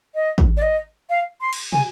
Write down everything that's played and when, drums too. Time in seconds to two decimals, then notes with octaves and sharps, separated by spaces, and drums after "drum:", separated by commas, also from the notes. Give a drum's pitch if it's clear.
0.15 D#5
0.38 drum: kick
0.57 D5
0.62 D#5
1.10 F5
1.41 C6
1.53 drum: cymbal
1.73 G#5, drum: tom